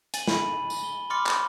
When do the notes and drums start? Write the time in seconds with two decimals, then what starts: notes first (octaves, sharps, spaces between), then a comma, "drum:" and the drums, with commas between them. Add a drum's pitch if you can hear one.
0.14 G#5 A6 D#7 F#7, drum: hi-hat
0.28 B5, drum: snare
0.70 drum: tambourine
0.84 G7
1.10 B5 C6 D6 F6 A6 C#7
1.26 drum: clap